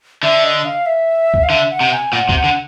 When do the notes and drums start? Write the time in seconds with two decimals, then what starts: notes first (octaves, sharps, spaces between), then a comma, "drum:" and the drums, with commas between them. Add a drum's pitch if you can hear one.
0.23 D3 E5
0.44 D#5
0.65 F5
0.86 E5
1.34 drum: kick C2
1.43 F5
1.50 D3 E5
1.71 F#5
1.81 C3
1.92 G#5
2.12 A#2 F#5
2.29 C3, drum: kick C2
2.34 F#5
2.44 D3